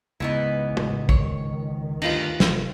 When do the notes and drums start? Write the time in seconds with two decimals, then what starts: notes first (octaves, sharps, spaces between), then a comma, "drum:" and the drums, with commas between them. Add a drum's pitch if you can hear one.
0.20 C#2 G#2 E3 B3 D#4
0.64 A1
0.77 drum: tom
1.09 D#3 C#5, drum: kick
2.02 D2 G2 D#4 F4 B4, drum: cymbal
2.40 F1, drum: snare